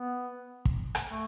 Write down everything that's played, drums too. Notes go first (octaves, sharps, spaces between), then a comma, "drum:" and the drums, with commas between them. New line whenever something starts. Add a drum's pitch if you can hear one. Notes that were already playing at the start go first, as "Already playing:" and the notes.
Already playing: B3
drum: kick
drum: rim click
A3